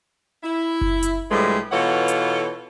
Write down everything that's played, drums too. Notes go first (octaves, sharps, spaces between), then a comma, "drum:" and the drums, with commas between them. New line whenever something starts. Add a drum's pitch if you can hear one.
E4
drum: kick F#1
drum: hi-hat
A2 D3 E3 F3 G3 G#3
B2 E3 F4 A4 C#5 F#5
drum: hi-hat